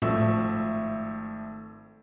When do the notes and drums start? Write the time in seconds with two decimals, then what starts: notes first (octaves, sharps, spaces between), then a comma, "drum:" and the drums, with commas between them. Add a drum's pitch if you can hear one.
0.02 G#1 F3 A3 E5 C#6 E6, drum: tom A2